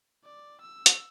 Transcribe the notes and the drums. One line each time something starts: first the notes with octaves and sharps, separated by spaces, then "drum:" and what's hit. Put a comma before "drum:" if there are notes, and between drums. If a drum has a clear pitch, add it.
D5
E6
drum: hi-hat